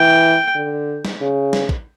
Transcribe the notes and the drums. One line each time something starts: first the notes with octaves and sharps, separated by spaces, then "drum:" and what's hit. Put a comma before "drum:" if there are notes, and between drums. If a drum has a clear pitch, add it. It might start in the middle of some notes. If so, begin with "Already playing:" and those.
Already playing: E3 G5
D3
drum: snare
C#3
drum: snare
drum: kick